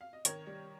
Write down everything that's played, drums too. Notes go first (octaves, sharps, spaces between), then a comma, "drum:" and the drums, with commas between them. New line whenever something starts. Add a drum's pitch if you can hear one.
F5
D#5
D#3 A#4 C#5, drum: hi-hat
G3